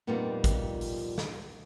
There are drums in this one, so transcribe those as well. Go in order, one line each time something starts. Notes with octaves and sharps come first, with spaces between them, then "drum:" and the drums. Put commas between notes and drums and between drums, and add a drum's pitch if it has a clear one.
F2 A#2 G3 B3 D#4 F4
drum: kick G#1, hi-hat
drum: open hi-hat
drum: snare